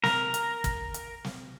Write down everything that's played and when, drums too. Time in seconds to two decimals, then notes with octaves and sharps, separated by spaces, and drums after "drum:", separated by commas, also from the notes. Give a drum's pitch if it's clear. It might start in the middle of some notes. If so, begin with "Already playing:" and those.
0.04 A#4, drum: snare
0.34 drum: hi-hat
0.64 drum: kick, hi-hat
0.94 drum: hi-hat
1.24 drum: snare